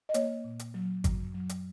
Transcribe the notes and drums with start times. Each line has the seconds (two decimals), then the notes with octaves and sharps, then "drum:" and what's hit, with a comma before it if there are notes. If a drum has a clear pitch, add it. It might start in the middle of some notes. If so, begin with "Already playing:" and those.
0.09 D#5
0.14 A#3 C#5, drum: hi-hat
0.44 A#2
0.59 drum: hi-hat
0.74 F#3
1.04 F#2, drum: kick G#1, hi-hat
1.34 F#3
1.49 drum: hi-hat